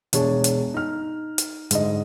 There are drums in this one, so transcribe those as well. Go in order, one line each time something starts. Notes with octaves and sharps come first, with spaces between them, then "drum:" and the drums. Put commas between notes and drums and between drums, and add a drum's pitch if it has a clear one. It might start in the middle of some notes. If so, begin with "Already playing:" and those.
E1 D4 G#4 C#5, drum: hi-hat
drum: hi-hat
D#4 F6
drum: hi-hat
G#2 D3 D#5, drum: hi-hat